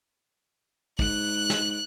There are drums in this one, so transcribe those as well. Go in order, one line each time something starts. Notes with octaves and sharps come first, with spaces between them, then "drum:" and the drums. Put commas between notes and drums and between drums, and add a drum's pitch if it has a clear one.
G#2 F#6, drum: kick
drum: snare